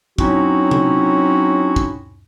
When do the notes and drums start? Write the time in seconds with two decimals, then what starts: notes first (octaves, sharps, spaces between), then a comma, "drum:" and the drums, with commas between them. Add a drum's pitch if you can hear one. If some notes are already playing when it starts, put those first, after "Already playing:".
0.18 F#3 C4 C#4 D#4 E4 F#4, drum: kick
0.71 drum: tom C3
1.76 drum: kick